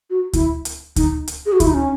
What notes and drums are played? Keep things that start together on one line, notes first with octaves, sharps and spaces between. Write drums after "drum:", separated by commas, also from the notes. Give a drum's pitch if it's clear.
F#4
E4, drum: kick D2, hi-hat
drum: hi-hat
D#4, drum: kick D2, hi-hat
drum: hi-hat
G#4
F#4
E4, drum: kick D2, hi-hat
D#4
C#4